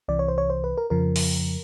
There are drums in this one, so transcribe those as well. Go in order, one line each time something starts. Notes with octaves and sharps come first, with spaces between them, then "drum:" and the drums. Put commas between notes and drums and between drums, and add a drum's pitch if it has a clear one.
C2 C3 E3 D5
C#5
C5
C#5
C5
B4
A#4
F2 C#3 F3 A#4
drum: open hi-hat